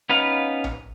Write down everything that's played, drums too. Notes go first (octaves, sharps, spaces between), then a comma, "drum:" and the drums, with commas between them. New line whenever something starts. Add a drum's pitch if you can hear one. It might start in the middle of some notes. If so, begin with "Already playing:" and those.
B3 C#4 D#4 B4 F5
drum: tom A#1